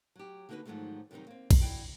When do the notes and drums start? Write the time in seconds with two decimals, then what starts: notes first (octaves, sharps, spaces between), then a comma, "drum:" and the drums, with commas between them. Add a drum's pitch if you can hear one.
0.16 F#3 G4
0.49 D3 A#3 D#4 F4 F#4 B4
0.65 G#2 D#3 F3 F#3 G#3 A3
1.11 F#2 C3 D#3 G3 D#4
1.27 A#3 C4
1.51 drum: kick, cymbal
1.61 E4 F#4 D5 G5